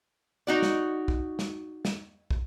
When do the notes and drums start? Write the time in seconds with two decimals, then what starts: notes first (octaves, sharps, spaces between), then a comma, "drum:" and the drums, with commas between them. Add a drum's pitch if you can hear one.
0.47 D#4 F#4 D5
0.62 drum: snare
1.08 drum: kick
1.39 drum: snare
1.85 drum: snare
2.31 drum: kick